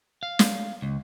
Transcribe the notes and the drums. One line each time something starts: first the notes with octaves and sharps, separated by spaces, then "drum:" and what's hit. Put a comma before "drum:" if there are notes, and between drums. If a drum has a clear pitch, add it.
F5
drum: snare
C#2